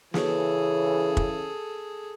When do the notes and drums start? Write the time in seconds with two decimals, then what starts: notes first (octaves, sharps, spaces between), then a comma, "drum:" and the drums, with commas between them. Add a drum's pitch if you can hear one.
0.14 C#3 E3 G#4 A4, drum: snare
1.17 drum: kick